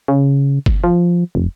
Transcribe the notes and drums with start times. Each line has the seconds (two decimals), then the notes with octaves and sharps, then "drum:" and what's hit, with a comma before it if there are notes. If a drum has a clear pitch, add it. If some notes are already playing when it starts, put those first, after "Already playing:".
0.08 C#3
0.66 drum: kick F#1
0.84 F3
1.35 F1